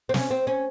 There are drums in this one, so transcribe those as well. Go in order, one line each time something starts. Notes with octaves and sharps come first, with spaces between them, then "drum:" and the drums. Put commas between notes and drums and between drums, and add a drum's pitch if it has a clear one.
C4
C#4, drum: snare
C4
C#4